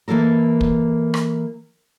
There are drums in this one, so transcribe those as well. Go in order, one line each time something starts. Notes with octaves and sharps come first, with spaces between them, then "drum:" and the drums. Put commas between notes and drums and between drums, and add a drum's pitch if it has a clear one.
E3 A#3 E4 A4 A#4
drum: kick
drum: rim click